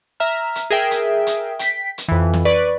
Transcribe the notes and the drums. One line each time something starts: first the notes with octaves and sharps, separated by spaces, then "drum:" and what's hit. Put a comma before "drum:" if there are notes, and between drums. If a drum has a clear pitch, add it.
E5 A#5 F6
drum: hi-hat
G#4 A#4 E5 G5
drum: hi-hat
drum: hi-hat
G5 B6, drum: hi-hat
drum: hi-hat
F2 E3
drum: snare
B4 D5 C#6